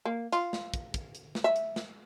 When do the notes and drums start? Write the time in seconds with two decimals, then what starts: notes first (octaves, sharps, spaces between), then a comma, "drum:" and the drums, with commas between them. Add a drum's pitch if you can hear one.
0.05 A#3
0.32 F4, drum: hi-hat
0.53 drum: snare
0.74 drum: kick, hi-hat
0.94 drum: kick, hi-hat
1.15 drum: hi-hat
1.35 drum: snare
1.44 E5
1.56 drum: hi-hat
1.76 drum: snare